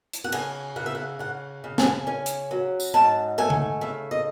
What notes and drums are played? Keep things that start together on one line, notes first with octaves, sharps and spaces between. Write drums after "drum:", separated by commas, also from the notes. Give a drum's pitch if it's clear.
drum: hi-hat
F#5
C#3 G#5, drum: cymbal
C#3 F#5
E5
F#5
C#3 F#5
C#3
G#5, drum: snare
C#4 G#5
drum: hi-hat
F#3
drum: tambourine
G#2 A5
A3 G#5
drum: tom D3
C#3 E5
D#5